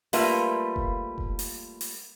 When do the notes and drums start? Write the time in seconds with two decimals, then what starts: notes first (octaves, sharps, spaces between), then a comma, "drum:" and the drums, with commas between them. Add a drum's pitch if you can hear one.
0.13 G3 A3 A#3 F4 B4 E5, drum: open hi-hat
0.76 drum: kick F1
1.18 drum: kick F1
1.39 drum: open hi-hat
1.81 drum: open hi-hat